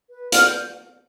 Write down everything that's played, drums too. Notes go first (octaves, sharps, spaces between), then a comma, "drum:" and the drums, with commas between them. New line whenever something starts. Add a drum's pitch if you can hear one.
B4
B4 F6, drum: hi-hat
G6